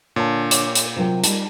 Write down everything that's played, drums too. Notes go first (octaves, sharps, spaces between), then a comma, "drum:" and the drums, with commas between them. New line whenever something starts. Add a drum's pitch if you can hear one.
A#2 D3 C#5 A5
C#5 D6, drum: hi-hat
drum: hi-hat
C3 F#3 F4 A#4 G5
G3 D#4 A5, drum: hi-hat